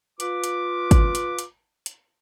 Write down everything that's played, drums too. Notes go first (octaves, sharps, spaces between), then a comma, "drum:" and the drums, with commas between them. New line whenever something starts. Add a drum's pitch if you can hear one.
F4 B4 D6, drum: hi-hat
drum: hi-hat
drum: kick, hi-hat
drum: hi-hat
drum: hi-hat
drum: hi-hat